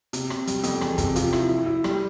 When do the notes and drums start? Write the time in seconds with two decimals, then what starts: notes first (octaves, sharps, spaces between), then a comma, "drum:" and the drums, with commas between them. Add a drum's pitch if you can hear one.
0.13 C3, drum: hi-hat
0.30 C3, drum: rim click
0.47 G3, drum: hi-hat
0.63 F2, drum: hi-hat
0.81 E2, drum: rim click
0.98 C3, drum: kick, hi-hat
1.16 F3, drum: hi-hat
1.33 E4, drum: rim click
1.49 E4
1.66 E4
1.84 G3, drum: rim click